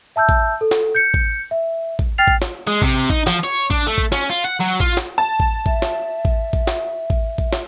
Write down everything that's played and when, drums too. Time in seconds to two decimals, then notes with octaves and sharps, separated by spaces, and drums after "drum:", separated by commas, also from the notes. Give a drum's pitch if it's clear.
0.16 E5 A5 E6 G6
0.29 drum: kick
0.61 A4
0.71 drum: snare
0.95 G6 C#7
1.14 drum: kick
1.51 E5
1.99 drum: kick
2.18 G5 F6 A6 C7 F7
2.27 drum: kick
2.42 drum: snare
2.67 G#3
2.82 C3, drum: kick
3.10 D#4, drum: kick
3.27 F3, drum: snare
3.44 C#5
3.70 D4, drum: kick
3.87 A3
3.98 drum: kick
4.12 C#4, drum: snare
4.30 F4
4.44 F#5
4.60 F#3
4.80 F4, drum: kick
4.97 drum: snare
5.18 A5
5.40 drum: kick
5.66 E5, drum: kick
5.82 drum: snare
6.25 drum: kick
6.53 drum: kick
6.67 drum: snare
7.10 drum: kick
7.38 drum: kick
7.53 drum: snare